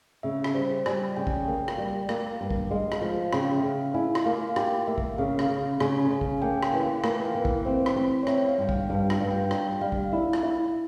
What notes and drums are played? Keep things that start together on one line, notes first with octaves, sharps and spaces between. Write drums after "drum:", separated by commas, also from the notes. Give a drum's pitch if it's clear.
C#3 E5
drum: rim click
G3 C5
G3 G#5, drum: rim click
C#3 G5
drum: kick
A#3
drum: rim click
G3
A#3, drum: rim click
G2
drum: kick
G#3 F5
drum: rim click
F3
C#3 G5, drum: rim click
F5
E5
C#3
F5
E4 G#5
drum: rim click
A#3 F5
G4, drum: rim click
A#3 E5
drum: kick
C#3 F5
drum: rim click
C#3
C#3 G#5, drum: rim click
G#5
C#3
drum: kick
A#3 G5
drum: rim click
E3 G#5
A#3 G5, drum: rim click
F5
E3 E5
drum: kick
C4 C5
drum: rim click
C4
C#5
C4 E5, drum: rim click
F5
G2 G5
F5, drum: kick
G2 G5
F5, drum: rim click
G2
G5
G3 G5, drum: rim click
G3 F5
drum: kick
E4
drum: rim click
E4